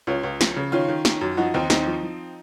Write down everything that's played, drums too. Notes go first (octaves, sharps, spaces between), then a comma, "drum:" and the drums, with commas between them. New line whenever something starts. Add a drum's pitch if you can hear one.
C#2 C#4 F4
C#2
F3, drum: snare
C#3
D#3 C#4 F4
D#3
D#3, drum: snare
F#2
F3 D#4 F#4
D#2 C4 D#4
D#2 C4 D#4, drum: snare
F3
F3